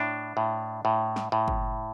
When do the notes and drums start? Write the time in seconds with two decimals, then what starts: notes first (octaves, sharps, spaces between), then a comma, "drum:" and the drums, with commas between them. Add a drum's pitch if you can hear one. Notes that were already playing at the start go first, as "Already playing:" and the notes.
Already playing: A2 D4
0.37 A2
0.85 A2
1.16 drum: snare
1.32 A2
1.48 drum: kick